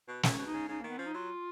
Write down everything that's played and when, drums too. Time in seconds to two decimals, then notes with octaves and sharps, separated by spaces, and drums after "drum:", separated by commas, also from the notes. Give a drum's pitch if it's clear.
0.08 B2
0.23 A#2 C#4, drum: snare
0.38 B2
0.46 D#4
0.54 C#3
0.69 C#3 D#4
0.80 A#3
0.84 D#3 B3
0.97 F3 C#4
1.06 D#4
1.14 F#3 F4